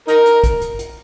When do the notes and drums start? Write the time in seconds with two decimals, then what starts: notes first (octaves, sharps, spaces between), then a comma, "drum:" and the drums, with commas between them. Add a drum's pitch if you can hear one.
0.08 D#4 A#4, drum: hi-hat
0.26 drum: hi-hat
0.44 drum: kick, hi-hat
0.61 drum: hi-hat
0.79 drum: hi-hat